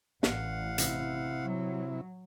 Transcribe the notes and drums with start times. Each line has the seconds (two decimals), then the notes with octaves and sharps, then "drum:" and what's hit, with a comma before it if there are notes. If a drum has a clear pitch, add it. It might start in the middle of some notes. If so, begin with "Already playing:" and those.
0.23 A1 F5 F#5, drum: snare
0.78 C3 E4, drum: hi-hat
1.43 F#3